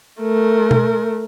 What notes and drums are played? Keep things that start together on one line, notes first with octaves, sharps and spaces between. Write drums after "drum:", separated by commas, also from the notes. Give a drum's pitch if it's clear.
A3 A#4
drum: tom B2